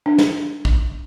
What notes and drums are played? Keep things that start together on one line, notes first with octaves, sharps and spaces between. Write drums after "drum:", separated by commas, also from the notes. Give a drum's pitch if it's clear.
D4
drum: snare
drum: kick